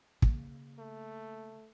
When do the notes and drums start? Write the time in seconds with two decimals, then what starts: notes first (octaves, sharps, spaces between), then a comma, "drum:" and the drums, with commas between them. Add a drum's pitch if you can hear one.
0.22 C#3 A#3, drum: kick
0.79 A3